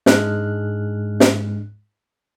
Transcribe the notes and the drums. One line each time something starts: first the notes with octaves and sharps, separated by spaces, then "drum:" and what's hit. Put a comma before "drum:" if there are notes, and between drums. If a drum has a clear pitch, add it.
G#2 G#3 D4 F6 F#6, drum: snare
drum: snare